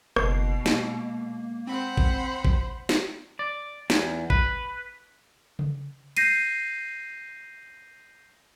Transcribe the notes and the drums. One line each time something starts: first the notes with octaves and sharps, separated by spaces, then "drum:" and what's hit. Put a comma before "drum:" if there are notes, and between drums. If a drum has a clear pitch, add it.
F#1 B2 C7, drum: rim click
G#3 A#3, drum: snare
C4 C5 F#5 B5
drum: kick
drum: kick
drum: snare
D5
E2, drum: snare
B4, drum: kick
drum: tom C#3
G6 A#6 C7 D#7, drum: cymbal